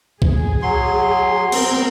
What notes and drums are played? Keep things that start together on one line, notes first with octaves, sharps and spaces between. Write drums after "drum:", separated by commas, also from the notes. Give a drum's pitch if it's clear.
G#4, drum: kick
F#3 C6
B3 C4 A#4, drum: cymbal